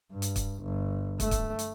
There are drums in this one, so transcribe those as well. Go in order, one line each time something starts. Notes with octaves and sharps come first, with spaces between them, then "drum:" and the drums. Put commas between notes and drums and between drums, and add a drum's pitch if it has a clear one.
G2
drum: hi-hat
drum: kick, hi-hat
G1
A3, drum: kick, hi-hat
drum: kick, hi-hat
drum: hi-hat